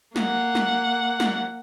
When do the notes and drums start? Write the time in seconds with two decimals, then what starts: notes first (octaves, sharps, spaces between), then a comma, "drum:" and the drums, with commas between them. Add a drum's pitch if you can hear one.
0.16 A#3 F#5, drum: snare
0.55 drum: snare
1.20 drum: snare